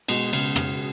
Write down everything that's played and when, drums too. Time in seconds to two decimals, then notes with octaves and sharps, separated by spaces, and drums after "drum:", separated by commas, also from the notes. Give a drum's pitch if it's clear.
0.08 B2 G#3, drum: cymbal
0.33 C#3, drum: cymbal
0.56 C#3, drum: rim click